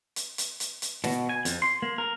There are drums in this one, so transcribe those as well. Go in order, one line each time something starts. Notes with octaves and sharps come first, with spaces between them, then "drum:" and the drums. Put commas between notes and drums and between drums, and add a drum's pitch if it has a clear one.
drum: hi-hat
drum: hi-hat
drum: hi-hat
drum: hi-hat
B2, drum: snare
G#5
F2, drum: hi-hat
C6
A#3
A#4